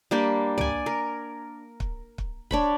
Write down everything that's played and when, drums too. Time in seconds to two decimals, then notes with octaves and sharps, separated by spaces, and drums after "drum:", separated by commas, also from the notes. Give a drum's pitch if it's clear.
0.11 G3 A#3 D4 G4
0.58 D5 G#5, drum: tom
0.86 A#4
1.80 drum: kick
2.18 drum: kick
2.51 D4 C#5 B5, drum: kick